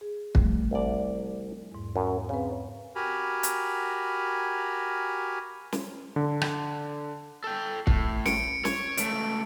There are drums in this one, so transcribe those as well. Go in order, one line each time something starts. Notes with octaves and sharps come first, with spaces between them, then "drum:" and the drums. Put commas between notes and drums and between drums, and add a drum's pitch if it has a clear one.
G#4
F3 G3 A3, drum: kick
C2 D5
E2 G#2
F#2
C#3 C4 B4
F#4 G4 A#4 G#5 A#5 B5
drum: hi-hat
drum: snare
D3
drum: rim click
A4 G5
A2, drum: kick
C#7 D7, drum: snare
C#5, drum: snare
C#2 A3 D7, drum: hi-hat